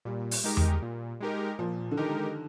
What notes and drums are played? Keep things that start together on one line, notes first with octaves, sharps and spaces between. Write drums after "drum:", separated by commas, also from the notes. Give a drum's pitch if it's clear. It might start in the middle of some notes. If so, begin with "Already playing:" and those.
A#2 G3
drum: open hi-hat
G#3 D#4 G4 A#4
drum: tom E2
A#2
G#3 D#4 G4 A#4
A#2 F3
D3
D#3 G#3 D#4 G4 A#4